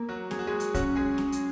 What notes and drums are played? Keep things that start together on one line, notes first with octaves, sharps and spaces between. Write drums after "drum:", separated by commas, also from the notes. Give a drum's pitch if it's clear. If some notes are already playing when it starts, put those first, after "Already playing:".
Already playing: A#3
F#3 F#4
G#4, drum: snare C4
F#4
G#3 G#4
drum: hi-hat
F#3 C#4 F#4, drum: kick, hi-hat
G#3 G#4
drum: snare C4
drum: hi-hat